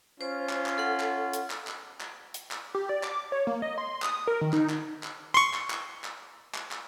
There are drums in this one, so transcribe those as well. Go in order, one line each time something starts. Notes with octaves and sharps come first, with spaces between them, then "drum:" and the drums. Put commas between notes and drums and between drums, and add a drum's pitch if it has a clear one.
C#4 F4 C5
drum: clap
drum: clap
A4 F#5
drum: clap
drum: hi-hat
drum: clap
drum: clap
drum: clap
drum: hi-hat
drum: clap
G4
D5
D6, drum: clap
C#5
A#3
D#5
C6
D#6, drum: clap
A#4
D#3
D#4, drum: clap
drum: clap
drum: clap
C6 C#6
drum: clap
drum: clap
drum: clap
drum: clap
drum: clap